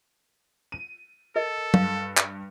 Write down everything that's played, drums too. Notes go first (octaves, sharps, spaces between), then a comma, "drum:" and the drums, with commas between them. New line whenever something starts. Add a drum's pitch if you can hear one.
D#7
A4 A#4 D#5
G2 F5, drum: tom
drum: clap